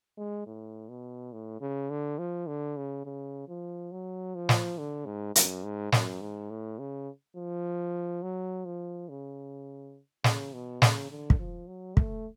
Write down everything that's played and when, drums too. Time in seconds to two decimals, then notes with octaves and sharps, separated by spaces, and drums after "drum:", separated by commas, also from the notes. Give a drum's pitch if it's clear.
0.18 G#3
0.47 A2
0.89 B2
1.32 A2
1.61 C#3
1.90 D3
2.19 F3
2.47 D3
2.77 C#3
3.06 C#3
3.48 F3
3.92 F#3
4.35 F3
4.49 drum: snare
4.78 D3
5.06 G#2
5.36 F#2, drum: hi-hat
5.64 G#2
5.92 F#2, drum: snare
6.21 G#2
6.50 A2
6.79 C#3
7.36 F3
8.23 F#3
8.65 F3
9.09 C#3
10.24 C#3, drum: snare
10.53 B2
10.82 C#3, drum: snare
11.11 D3
11.30 drum: kick
11.39 F3
11.68 F#3
11.97 A3, drum: kick